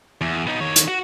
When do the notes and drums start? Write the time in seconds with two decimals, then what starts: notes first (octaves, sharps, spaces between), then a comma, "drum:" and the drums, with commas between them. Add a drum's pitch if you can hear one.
0.21 E2
0.47 B3 D#4
0.61 D#3 C#5
0.76 drum: hi-hat
0.88 F#4